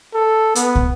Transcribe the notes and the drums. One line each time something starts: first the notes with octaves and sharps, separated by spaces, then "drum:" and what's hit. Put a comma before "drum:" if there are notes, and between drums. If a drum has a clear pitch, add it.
A4
B3, drum: hi-hat
drum: kick